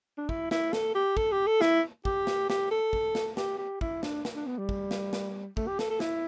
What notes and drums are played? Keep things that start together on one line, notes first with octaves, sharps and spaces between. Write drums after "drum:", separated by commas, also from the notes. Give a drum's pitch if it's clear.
D4
E4, drum: kick
E4, drum: snare
A4, drum: snare
G4
A4, drum: kick
G4
A4
E4, drum: snare
G4, drum: kick
drum: snare
G4, drum: snare
A4
drum: kick
drum: snare
G4, drum: snare
G4
E4, drum: kick
D4, drum: snare
drum: snare
D4
B3
G3
drum: kick
drum: snare
drum: snare
A3, drum: kick
G4
A4, drum: snare
A4
E4, drum: snare